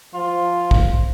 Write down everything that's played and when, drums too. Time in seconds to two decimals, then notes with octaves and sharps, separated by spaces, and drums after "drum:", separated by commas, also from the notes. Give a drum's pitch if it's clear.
0.14 F3 F4
0.71 drum: kick